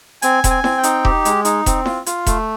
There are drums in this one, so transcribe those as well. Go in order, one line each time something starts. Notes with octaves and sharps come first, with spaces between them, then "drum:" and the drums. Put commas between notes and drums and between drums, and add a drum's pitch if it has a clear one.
C4 G#5, drum: hi-hat
C4, drum: kick E1, hi-hat
G#5
C4, drum: snare E4
G5
D#4, drum: hi-hat
G4, drum: kick E1
G#3, drum: hi-hat
D#4, drum: hi-hat
C4, drum: kick E1, hi-hat
F4, drum: snare E4
F4, drum: hi-hat
A3, drum: kick E1, hi-hat